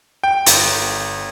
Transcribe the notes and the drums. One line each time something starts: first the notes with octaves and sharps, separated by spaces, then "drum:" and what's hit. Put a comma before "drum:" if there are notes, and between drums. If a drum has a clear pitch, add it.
G5
G1, drum: hi-hat